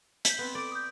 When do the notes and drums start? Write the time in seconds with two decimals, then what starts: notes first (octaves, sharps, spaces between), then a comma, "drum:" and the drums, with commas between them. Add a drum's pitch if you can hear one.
0.25 G6 B6, drum: hi-hat
0.39 B3 C4
0.55 A4 D5 D7
0.71 D#6 G6